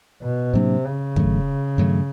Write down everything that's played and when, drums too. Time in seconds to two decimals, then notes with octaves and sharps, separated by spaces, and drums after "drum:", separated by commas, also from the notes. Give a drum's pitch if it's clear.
0.22 B2
0.53 A2 C3 F#3 A#3 D4
0.85 C#3
1.16 G2 D#3 F#3 A3, drum: kick
1.78 G2 D#3 F#3 A3